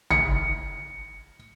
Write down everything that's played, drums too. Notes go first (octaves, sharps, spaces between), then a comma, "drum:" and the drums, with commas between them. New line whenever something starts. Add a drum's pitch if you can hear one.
C#7, drum: tom